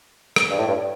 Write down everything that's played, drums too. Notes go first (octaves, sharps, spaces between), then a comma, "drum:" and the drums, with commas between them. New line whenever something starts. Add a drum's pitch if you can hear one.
drum: rim click
G2
A2
G2